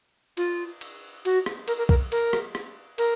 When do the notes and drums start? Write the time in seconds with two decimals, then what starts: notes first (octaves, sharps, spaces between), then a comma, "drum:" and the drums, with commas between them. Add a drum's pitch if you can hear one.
0.37 F4, drum: cymbal
0.81 drum: cymbal
1.25 F#4, drum: cymbal
1.46 drum: rim click
1.68 A#4, drum: cymbal
1.78 A#4
1.89 A#4, drum: kick C2
2.12 A#4, drum: cymbal
2.33 drum: rim click
2.55 drum: rim click
2.98 A#4, drum: cymbal